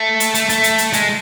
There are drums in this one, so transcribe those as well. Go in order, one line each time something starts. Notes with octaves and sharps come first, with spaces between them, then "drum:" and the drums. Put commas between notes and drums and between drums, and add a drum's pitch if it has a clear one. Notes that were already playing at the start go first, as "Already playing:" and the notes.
Already playing: A3
drum: hi-hat
A3, drum: hi-hat
A3, drum: hi-hat
drum: hi-hat
drum: hi-hat
G#3, drum: hi-hat